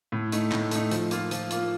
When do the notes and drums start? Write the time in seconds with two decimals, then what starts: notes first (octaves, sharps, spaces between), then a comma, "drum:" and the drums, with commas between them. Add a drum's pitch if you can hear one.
0.12 A2
0.32 A3 D#4, drum: hi-hat
0.52 A2, drum: clap
0.71 A3 D#4, drum: hi-hat
0.91 F3, drum: hi-hat
1.11 A#3 F4, drum: hi-hat
1.31 F3, drum: hi-hat
1.51 A#3 F4, drum: hi-hat